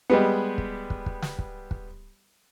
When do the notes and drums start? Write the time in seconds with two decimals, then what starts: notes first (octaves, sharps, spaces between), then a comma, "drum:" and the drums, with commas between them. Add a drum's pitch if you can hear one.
0.10 G3 G#3 B3
0.58 drum: kick
0.90 drum: kick
1.06 drum: kick
1.22 drum: snare
1.39 drum: kick
1.71 drum: kick